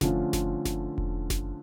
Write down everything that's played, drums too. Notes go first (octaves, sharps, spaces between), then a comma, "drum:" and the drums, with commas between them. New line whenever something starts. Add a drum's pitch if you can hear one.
D3 F3 A3 C#4 F4, drum: snare F#1
drum: snare F#1
drum: snare F#1
drum: kick E1
drum: snare F#1